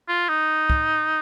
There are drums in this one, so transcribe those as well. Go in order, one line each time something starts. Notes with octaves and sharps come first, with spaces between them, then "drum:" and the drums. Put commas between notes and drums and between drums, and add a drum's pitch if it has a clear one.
F4
D#4
drum: kick